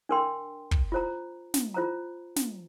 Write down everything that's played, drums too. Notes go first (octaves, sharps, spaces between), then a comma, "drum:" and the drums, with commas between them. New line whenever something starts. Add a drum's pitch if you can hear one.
D4 A#4 G5 C6
drum: kick
F4 C5 A#5
drum: snare
F4 C5 A#5
drum: snare